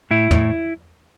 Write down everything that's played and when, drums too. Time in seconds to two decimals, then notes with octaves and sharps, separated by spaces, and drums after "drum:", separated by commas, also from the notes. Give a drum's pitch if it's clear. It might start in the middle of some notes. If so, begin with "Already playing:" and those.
0.11 A2 E4
0.31 A2, drum: tom